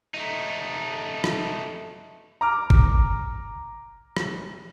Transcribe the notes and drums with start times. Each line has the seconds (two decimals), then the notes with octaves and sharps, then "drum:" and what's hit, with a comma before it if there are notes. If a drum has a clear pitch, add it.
0.14 A3 D#4
1.24 drum: rim click
2.41 A#5 D6 F6
2.70 drum: kick G1
4.17 drum: rim click